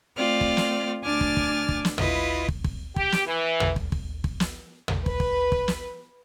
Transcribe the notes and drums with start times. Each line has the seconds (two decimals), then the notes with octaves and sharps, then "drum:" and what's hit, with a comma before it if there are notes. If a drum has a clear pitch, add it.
0.17 A3 C4 F4 D5 F6
0.41 drum: kick
0.57 drum: snare
1.03 D2 D4 G#5 D6 F6 A6
1.21 drum: kick
1.37 drum: kick
1.69 drum: kick
1.85 drum: snare
1.98 E4 F4 B4 D#5, drum: tom
2.48 drum: kick
2.64 drum: kick
2.96 G4, drum: kick
3.12 drum: snare
3.27 E3
3.60 drum: tom
3.76 drum: kick
3.92 drum: kick
4.24 drum: kick
4.40 drum: snare
4.88 drum: tom
5.06 B4, drum: kick
5.20 drum: kick
5.52 drum: kick
5.68 drum: snare